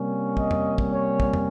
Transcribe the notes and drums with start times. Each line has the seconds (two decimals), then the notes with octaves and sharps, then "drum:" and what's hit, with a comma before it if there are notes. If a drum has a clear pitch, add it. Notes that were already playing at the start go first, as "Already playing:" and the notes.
Already playing: C3 G3 A#3 C#4
0.37 D#5, drum: kick
0.51 drum: tom
0.78 drum: kick
0.93 C#5
1.20 drum: kick
1.33 drum: tom